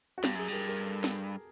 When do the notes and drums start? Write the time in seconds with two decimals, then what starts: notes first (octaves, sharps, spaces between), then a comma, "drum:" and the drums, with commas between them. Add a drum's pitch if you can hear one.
0.18 F#4
0.24 G2 G4, drum: snare
0.35 F#2 G#4
0.48 G2
0.53 A#4
0.69 A#4
0.84 A4
1.04 drum: snare